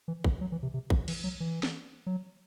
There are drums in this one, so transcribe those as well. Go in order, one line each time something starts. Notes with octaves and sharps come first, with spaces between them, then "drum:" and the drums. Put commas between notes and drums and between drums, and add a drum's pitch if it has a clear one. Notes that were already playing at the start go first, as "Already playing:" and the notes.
E3
E3, drum: kick
F#3
E3
C3
C3
E3, drum: kick
E3, drum: cymbal
F#3
E3
drum: snare
F#3